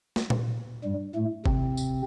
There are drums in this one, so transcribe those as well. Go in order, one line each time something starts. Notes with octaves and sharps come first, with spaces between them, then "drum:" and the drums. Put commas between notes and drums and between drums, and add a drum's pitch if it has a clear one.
drum: snare
drum: tom A#2
G2 G3
A2 A3
C3 C4, drum: kick G1
drum: tambourine